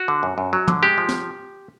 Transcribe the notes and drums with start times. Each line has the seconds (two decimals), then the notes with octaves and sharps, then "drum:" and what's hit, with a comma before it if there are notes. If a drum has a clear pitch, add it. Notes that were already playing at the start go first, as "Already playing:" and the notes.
Already playing: F#4
0.08 D3
0.23 F#2
0.38 F#2
0.53 F#3
0.68 D3, drum: tom
0.82 G#3 G4
0.98 F3
1.09 drum: snare